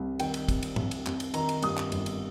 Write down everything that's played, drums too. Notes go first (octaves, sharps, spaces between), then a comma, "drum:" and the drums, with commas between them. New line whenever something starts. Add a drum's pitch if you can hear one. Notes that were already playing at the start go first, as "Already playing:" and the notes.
Already playing: C2
D#3 G5, drum: cymbal
drum: cymbal
C3, drum: kick, cymbal
drum: cymbal
C2, drum: tom G#2
drum: cymbal
C2, drum: clap
drum: cymbal
D#3 A#5, drum: cymbal
drum: cymbal
G2 D#6, drum: cymbal
drum: clap
G1, drum: cymbal
drum: cymbal